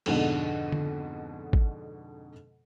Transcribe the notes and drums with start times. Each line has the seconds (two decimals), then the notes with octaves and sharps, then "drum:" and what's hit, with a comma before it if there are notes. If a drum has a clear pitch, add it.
0.06 F2 G#2 B2 D3, drum: cymbal
0.72 drum: tom D3
1.53 drum: kick G#1